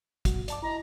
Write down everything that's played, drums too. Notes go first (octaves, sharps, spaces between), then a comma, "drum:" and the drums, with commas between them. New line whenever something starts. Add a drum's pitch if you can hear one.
B2 F#3 F#4, drum: kick, hi-hat
D5 A5 D6, drum: hi-hat
E4 D#5 A#5